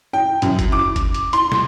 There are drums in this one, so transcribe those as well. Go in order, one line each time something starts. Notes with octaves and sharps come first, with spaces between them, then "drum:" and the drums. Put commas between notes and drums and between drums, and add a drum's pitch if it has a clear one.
G5
F#2, drum: hi-hat
drum: kick G1, hi-hat
D6
drum: kick G1, hi-hat
drum: hi-hat
C6, drum: hi-hat
drum: snare